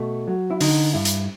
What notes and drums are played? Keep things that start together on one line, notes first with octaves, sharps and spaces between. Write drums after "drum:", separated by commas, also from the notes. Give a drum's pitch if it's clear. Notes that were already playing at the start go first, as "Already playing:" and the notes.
Already playing: B2 A3
F#3
E4
D3 D#4, drum: open hi-hat
G2 E4
drum: hi-hat